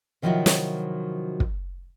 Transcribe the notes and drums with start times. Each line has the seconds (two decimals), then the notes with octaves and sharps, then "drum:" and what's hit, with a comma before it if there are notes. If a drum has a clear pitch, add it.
0.22 C3 D#3 F3 F#3 E4 F#4
0.46 drum: snare
1.40 drum: kick